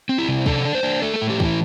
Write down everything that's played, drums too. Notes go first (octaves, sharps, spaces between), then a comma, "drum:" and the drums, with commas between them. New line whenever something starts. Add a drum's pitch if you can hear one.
C4
E4
C3
D4 A4, drum: kick
D4
C5
D4
A3 A4
A4
A2
G4
E3 E4, drum: kick